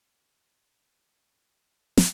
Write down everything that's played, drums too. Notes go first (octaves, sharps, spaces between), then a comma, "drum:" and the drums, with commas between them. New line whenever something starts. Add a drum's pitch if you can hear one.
B3
A#3
C#3 G#3
A#3
G#3
A#3
G#3
B3
B2 A#3
drum: snare